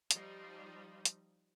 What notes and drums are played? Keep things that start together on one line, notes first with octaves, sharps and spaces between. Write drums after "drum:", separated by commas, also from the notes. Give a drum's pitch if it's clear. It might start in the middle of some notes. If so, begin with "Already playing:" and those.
F3 G3 D#4, drum: hi-hat
drum: hi-hat